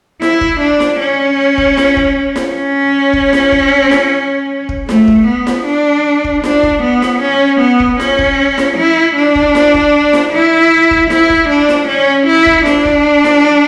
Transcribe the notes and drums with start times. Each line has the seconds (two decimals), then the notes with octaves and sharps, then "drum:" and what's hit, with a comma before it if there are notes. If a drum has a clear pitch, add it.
0.22 E4, drum: snare
0.41 drum: kick
0.61 D4
0.80 drum: snare
1.00 C#4
1.58 drum: kick
1.77 drum: snare
1.97 drum: kick
2.36 drum: snare
2.55 C#4
3.13 drum: kick
3.33 drum: snare
3.52 drum: kick
3.91 drum: snare
4.69 drum: kick
4.89 A3, drum: snare
5.08 drum: kick
5.27 B3
5.47 drum: snare
5.66 D4
6.24 drum: kick
6.44 D4, drum: snare
6.63 drum: kick
6.83 B3
7.02 drum: snare
7.22 C#4
7.60 B3
7.80 drum: kick
8.00 C#4, drum: snare
8.19 drum: kick
8.58 drum: snare
8.77 E4
9.16 D4
9.35 drum: kick
9.55 drum: snare
9.74 drum: kick
10.13 drum: snare
10.33 E4
10.91 drum: kick
11.10 E4, drum: snare
11.30 drum: kick
11.49 D4
11.69 drum: snare
11.88 C#4
12.27 E4
12.47 drum: kick
12.66 D4, drum: snare
12.85 drum: kick
13.24 drum: snare